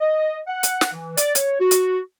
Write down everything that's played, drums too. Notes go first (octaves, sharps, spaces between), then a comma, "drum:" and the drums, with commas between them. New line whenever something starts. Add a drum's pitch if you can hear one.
D#5
F#5
drum: hi-hat
drum: snare
E3
D5, drum: hi-hat
C#5, drum: hi-hat
F#4
drum: hi-hat